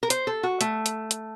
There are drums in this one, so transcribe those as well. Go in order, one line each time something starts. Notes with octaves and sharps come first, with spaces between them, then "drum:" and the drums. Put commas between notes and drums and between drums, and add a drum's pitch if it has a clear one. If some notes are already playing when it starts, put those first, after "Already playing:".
A#4
C5, drum: hi-hat
A4
F#4
A3, drum: hi-hat
drum: hi-hat
drum: hi-hat